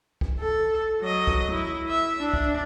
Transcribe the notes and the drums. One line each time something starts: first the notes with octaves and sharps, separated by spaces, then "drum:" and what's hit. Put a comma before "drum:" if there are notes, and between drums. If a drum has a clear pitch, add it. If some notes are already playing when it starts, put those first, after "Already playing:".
drum: kick
A4
F#3 D#5
drum: kick
E4
E5
D4
drum: kick